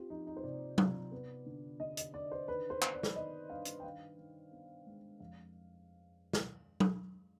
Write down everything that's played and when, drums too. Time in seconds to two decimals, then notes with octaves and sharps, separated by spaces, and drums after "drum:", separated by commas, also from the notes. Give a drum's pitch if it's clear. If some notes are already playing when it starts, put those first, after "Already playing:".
Already playing: C4 F4 G4
0.10 F3 D#4
0.27 D#4
0.37 C5
0.44 C3 D5
0.78 C3, drum: tom F#3
1.12 B3
1.46 D3
1.80 D3 D#5
1.97 D#5, drum: hi-hat
2.14 D3 D5
2.31 C5
2.48 D#3 B4
2.70 C5
2.82 B3, drum: clap
2.93 D5
3.03 drum: snare
3.16 D#3 D#5
3.50 G2 F5
3.65 drum: hi-hat
3.80 G5
3.84 D#3 F5
4.18 D#3
4.52 B3
4.86 G#3
5.20 F2 F5
6.33 drum: snare
6.80 drum: tom F#3